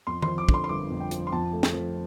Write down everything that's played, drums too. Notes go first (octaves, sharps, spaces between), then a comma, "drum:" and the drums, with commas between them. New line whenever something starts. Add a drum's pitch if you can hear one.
F2 C6
F3 C6, drum: tom D#3
D6
D3, drum: kick
C6
C6
G1 D6
F2
G5
F3, drum: hi-hat
C6
F2 A5
A3
drum: snare
F3